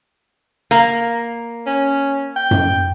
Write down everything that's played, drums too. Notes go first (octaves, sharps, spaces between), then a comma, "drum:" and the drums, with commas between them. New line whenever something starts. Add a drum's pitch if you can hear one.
A#3
C#4
G5
drum: tom F#2